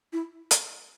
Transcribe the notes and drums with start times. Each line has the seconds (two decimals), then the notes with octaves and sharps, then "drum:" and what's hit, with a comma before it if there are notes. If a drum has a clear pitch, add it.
0.13 E4
0.51 drum: hi-hat